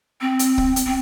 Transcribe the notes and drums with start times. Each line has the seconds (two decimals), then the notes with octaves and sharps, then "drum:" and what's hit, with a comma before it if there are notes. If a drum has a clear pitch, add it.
0.21 C4
0.39 drum: hi-hat
0.58 drum: kick
0.76 drum: hi-hat
0.86 C4